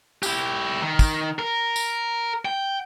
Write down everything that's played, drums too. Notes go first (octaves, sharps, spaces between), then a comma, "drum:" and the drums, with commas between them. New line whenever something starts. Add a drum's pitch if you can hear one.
E4 G4, drum: tambourine
D#3
drum: kick, tambourine
A#4
drum: tambourine
G5